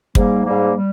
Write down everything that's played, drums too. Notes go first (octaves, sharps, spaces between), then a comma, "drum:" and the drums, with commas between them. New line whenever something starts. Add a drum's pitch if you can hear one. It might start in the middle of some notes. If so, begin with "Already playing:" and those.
G#2 G3 A#3, drum: kick
G#2 G3 A#3
G3